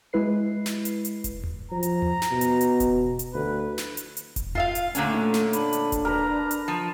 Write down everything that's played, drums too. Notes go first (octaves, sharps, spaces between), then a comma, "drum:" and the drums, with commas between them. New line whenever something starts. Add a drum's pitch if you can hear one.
G#3 E4 B4 C7
drum: snare
drum: hi-hat
drum: hi-hat
drum: kick E1, hi-hat
drum: tom D#2
F3 A#5
drum: hi-hat
drum: tom D#2
drum: snare
B2
drum: hi-hat
drum: hi-hat
drum: kick E1, hi-hat
drum: hi-hat
D2 B4
drum: snare
drum: hi-hat
drum: hi-hat
drum: kick E1, hi-hat
F4 E5 F5, drum: tom D#2
drum: hi-hat
A#2 D3 A3 C#4, drum: hi-hat
drum: tom C#4
drum: snare
D4 B5, drum: hi-hat
drum: hi-hat
drum: kick E1, hi-hat
A#4 B4 A#5
drum: hi-hat
F3